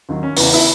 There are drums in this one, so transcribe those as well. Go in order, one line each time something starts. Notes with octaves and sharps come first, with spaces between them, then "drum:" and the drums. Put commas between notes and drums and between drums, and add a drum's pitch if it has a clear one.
D#2 D#3 F#3
C#4
E2 C#3 E3 B3, drum: open hi-hat
E4